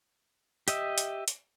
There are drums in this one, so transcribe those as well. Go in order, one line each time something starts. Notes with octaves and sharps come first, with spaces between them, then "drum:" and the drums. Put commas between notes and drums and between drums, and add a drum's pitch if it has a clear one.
G4 D#5 E5, drum: hi-hat
drum: hi-hat
drum: hi-hat